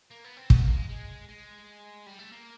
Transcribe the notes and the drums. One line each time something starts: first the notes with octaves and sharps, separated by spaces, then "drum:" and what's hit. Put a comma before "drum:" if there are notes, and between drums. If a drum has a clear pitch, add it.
A#3
B3
C4
B3, drum: kick
A#3
G#3
G#3
G#3
G3
A3
A#3